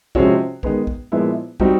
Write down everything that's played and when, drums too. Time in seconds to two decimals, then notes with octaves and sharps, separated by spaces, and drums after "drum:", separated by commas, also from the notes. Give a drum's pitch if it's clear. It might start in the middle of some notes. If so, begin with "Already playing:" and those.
0.15 C3 F3 G#3 C#4 F#4, drum: kick
0.63 D#3 G#3 B3, drum: kick
0.87 drum: kick
1.12 A#2 F3 G#3 B3 E4
1.60 G3 C4 D#4 F#4, drum: kick